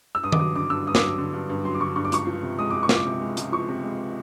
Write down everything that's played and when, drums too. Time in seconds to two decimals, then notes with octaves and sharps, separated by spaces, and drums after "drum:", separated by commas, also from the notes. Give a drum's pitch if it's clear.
0.15 E6
0.23 G2 D#6
0.32 D6, drum: tom D#3
0.39 F#3 D#6
0.56 D3 D6
0.70 G2 E6
0.87 G2 D#6
0.95 D6, drum: snare
1.02 F#3
1.18 D3
1.33 G2
1.50 G2
1.64 F#3 C6
1.75 D6
1.80 D3 C#6
1.96 G2 C#6
2.05 D6
2.12 C#2 C#6, drum: hi-hat
2.27 F3
2.43 C3
2.59 G#3 D#6
2.70 C#2 D6
2.83 C#6
2.89 F3, drum: snare
2.96 D6
3.05 C3
3.21 G#3
3.37 C#2, drum: hi-hat
3.52 F3 C#6
3.68 C3
3.83 G#3